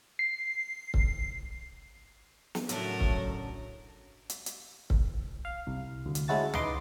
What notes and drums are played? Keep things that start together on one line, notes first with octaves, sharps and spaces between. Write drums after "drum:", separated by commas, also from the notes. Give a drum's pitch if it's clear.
C7
drum: kick C#1
drum: snare
A2 C#3 F#3 A3 D4 A#4, drum: hi-hat
drum: kick C#1
drum: hi-hat
drum: hi-hat
drum: kick C#1
F5
C2
D2
drum: hi-hat
G#3 C#4 E4 F#4 A5 A6
D#4 B4 D#5 C6 D6, drum: tom